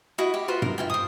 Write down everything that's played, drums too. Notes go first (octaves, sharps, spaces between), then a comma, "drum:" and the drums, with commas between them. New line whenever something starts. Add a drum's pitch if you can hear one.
E4 F#4 D#5 B5
G4
F4 F#4 B4 C5
A#4, drum: tom G2
E4 F4 G5
C5 D#6